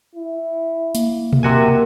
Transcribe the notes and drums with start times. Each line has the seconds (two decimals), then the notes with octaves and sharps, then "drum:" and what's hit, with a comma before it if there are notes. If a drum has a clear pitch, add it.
0.15 E4
0.95 A#3, drum: hi-hat
1.33 drum: tom B2
1.43 C3 F#4 A#4 G#5